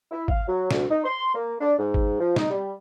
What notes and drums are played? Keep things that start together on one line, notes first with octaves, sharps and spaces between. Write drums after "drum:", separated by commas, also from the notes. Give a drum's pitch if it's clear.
E4
F5, drum: kick
F#3
D2, drum: snare
D#4
C6
A#3
D4
G#2
drum: kick
F3
D#4, drum: snare
G3